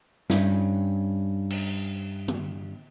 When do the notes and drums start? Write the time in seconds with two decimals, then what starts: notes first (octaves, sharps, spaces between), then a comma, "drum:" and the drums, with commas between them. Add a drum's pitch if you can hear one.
0.30 G2 C#4, drum: snare
1.50 drum: cymbal
2.28 drum: tom